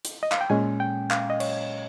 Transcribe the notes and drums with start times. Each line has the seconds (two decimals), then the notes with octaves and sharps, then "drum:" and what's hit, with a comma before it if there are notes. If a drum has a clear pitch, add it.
0.05 drum: hi-hat
0.23 D#5
0.32 F5, drum: clap
0.41 G5
0.50 A#2 G#3 C#4 G#5
0.80 G5
1.11 F5, drum: clap
1.30 D#5
1.40 C#5, drum: cymbal